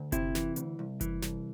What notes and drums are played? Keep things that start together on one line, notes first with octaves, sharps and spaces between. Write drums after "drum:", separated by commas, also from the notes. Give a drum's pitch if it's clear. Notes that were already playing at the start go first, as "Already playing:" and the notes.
Already playing: D2
C3 E4, drum: kick F#1, hi-hat
E3, drum: snare
D2, drum: hi-hat
C2
E3, drum: kick F#1, hi-hat
C2, drum: snare